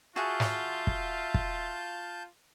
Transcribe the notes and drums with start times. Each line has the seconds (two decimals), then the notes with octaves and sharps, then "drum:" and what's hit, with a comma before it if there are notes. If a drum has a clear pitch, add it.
0.16 F4 F#4 G#4 E5 F#5 A5 G6
0.40 drum: snare
0.87 drum: kick
1.34 drum: kick